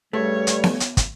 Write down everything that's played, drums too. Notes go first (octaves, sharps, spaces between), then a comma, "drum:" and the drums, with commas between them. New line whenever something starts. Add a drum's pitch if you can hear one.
G2 C#3 G3 A3 C#5
drum: hi-hat
drum: snare B3
drum: hi-hat
drum: kick, hi-hat